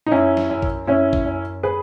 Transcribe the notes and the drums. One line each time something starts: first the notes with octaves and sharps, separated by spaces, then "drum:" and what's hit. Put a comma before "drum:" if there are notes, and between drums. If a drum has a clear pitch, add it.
D#4
F#2 C#4 E4
drum: snare
F#2
drum: kick
F#2 C#4 E4
drum: kick
F#2
G#4 B4